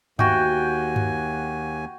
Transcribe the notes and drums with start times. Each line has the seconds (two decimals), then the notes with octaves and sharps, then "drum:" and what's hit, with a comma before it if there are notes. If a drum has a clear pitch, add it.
0.19 D#2 F#4 G5 G#5, drum: tom G2
0.96 drum: tom G2